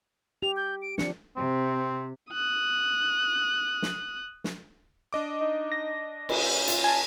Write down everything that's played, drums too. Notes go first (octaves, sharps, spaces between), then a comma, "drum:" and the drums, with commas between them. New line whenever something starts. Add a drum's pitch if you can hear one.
G4 F7
G6
D7
F3 C4 D4 C#7, drum: snare
C3 C4
D#6 F#6
drum: snare
drum: snare
D4 D#5 D6
D#4
A#6
C#4, drum: cymbal
F4, drum: hi-hat
G#5 A5